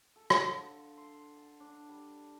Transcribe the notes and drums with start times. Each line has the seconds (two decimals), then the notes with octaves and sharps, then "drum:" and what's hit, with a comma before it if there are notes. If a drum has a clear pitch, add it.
0.16 A4
0.30 D3, drum: rim click
0.54 F4
0.97 C6
1.37 A5
1.60 D4
1.89 G3